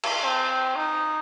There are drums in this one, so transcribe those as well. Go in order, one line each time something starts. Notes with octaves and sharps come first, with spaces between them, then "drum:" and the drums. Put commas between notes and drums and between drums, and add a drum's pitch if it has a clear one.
drum: cymbal
C4
D#4